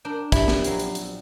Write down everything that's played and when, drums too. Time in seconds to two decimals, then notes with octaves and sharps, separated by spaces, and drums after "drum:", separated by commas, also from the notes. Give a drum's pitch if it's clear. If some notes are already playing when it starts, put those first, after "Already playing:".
0.05 D4 A#4 G5
0.32 A#1 E4 G4, drum: kick, hi-hat
0.48 drum: snare
0.64 F#3 C4, drum: hi-hat
0.79 drum: hi-hat
0.95 drum: hi-hat